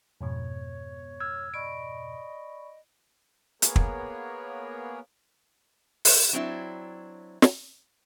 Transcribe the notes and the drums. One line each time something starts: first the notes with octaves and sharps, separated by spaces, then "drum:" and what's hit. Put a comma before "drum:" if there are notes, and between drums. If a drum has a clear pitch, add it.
F2 G#2 B2 C#5
E6 F6 G#6
D5 D#5 B5 C#6 D7
A#3 B3 G#4 A#4 C#5, drum: hi-hat
drum: kick
drum: open hi-hat
F#3 C4 D4 E4
drum: snare